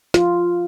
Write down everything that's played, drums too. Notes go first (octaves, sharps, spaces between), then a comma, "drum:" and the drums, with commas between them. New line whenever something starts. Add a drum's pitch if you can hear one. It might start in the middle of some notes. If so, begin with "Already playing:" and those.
F4, drum: snare